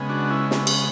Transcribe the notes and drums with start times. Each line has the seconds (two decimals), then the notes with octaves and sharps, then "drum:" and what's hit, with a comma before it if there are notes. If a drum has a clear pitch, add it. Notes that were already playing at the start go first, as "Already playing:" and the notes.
Already playing: C#3 G#3 B3
0.09 D4 F#4
0.30 C#4 E4
0.51 C#4, drum: snare
0.67 drum: cymbal